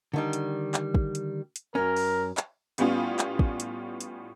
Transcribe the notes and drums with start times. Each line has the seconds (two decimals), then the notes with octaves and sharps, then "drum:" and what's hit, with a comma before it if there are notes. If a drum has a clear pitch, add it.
0.14 D3 D#3 G3
0.33 drum: hi-hat
0.74 drum: clap
0.94 drum: kick
1.15 drum: hi-hat
1.56 drum: hi-hat
1.75 F#2 C#4 A#4
1.96 drum: open hi-hat
2.37 drum: clap
2.78 A2 G3 B3 C#4 F4, drum: hi-hat
3.19 drum: clap
3.39 drum: kick
3.60 drum: hi-hat
4.01 drum: hi-hat